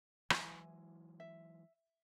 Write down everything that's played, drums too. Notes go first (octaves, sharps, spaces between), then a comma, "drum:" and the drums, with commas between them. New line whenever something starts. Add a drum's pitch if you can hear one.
E3 F#3 G#3 E4 G#5, drum: rim click
E5